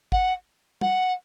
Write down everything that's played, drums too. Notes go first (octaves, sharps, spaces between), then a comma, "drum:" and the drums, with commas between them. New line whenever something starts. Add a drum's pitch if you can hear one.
F#5, drum: kick
F#5, drum: tom